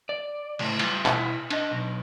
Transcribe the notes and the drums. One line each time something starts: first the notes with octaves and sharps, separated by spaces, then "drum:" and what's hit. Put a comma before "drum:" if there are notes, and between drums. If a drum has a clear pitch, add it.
D5
A2 C#3, drum: cymbal
G3 F4, drum: cymbal
B2 E4, drum: clap
D4 D#5, drum: cymbal
B1 B2